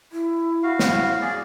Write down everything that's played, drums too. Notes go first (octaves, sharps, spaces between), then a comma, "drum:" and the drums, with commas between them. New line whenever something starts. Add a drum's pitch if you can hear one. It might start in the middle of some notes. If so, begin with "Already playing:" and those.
E4
F#4 F5
drum: snare
G#4 D5